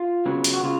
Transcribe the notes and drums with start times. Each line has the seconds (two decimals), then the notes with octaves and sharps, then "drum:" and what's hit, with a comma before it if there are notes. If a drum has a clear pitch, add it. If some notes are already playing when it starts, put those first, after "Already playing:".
Already playing: F4
0.26 C#3 F#3 B3
0.44 drum: hi-hat
0.54 F#4
0.63 C#3 F4